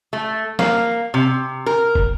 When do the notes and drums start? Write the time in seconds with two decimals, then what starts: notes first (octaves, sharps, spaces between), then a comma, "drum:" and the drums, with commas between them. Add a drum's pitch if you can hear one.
0.13 A3
0.59 A#3, drum: snare
1.14 C3
1.66 A#4
1.95 drum: kick